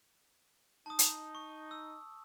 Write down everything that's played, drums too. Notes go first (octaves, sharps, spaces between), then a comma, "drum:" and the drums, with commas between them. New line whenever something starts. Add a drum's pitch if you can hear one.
D#4 A5 D#6
drum: hi-hat
C#6
E6